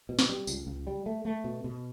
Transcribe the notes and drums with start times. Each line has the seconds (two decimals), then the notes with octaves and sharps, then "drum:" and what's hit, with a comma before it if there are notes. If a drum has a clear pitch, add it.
0.09 B2
0.19 drum: snare
0.29 G3
0.47 C#2, drum: tambourine
0.67 C#2
0.87 G3
1.06 A3
1.25 A3
1.44 B2
1.64 B2